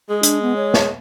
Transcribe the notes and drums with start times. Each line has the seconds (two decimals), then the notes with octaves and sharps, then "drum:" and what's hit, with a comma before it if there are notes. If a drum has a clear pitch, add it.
0.09 G#3 G#4
0.23 D4, drum: hi-hat
0.42 B3
0.56 C#5
0.74 drum: snare